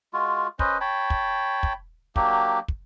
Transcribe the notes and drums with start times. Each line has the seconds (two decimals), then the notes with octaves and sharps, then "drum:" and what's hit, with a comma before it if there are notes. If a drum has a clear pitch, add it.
0.13 G#3 F4 F#4
0.59 C#4 B4 C5 D#5, drum: kick
0.81 C#5 G5 A5 B5
1.10 drum: kick
1.63 drum: kick
2.16 F#3 A#3 D4 G4, drum: kick
2.68 drum: kick